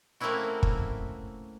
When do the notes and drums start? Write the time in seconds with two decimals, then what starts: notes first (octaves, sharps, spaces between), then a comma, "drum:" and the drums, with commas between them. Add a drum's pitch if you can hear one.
0.20 A3 A#3 C4 C#4 E4 F#4
0.63 drum: kick